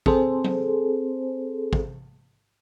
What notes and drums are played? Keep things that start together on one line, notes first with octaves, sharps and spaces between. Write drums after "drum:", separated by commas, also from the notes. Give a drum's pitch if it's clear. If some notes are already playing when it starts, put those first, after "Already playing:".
C4 G#4 A4 C5, drum: kick
drum: tom F#3
drum: kick